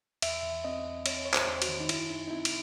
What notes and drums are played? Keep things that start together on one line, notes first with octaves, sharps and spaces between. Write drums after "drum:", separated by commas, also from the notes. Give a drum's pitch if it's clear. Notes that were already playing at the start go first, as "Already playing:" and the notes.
E2 E5, drum: cymbal
E2
C4 D#5
E2
C4 C#5, drum: cymbal
E2 C#5
C5, drum: clap
E2
F#4, drum: cymbal
D#3
D#4
F#2 E4, drum: cymbal
F#2 D#4
D#4
C4 E4
drum: cymbal